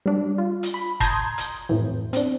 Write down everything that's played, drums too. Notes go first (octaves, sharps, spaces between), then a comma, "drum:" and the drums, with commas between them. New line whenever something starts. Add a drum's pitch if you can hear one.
G3 D4
F4
drum: hi-hat
B5
A5 A#5 C6 D#6 G6 G#6, drum: kick, hi-hat
drum: hi-hat
F2 A2 E3
C4 D4, drum: hi-hat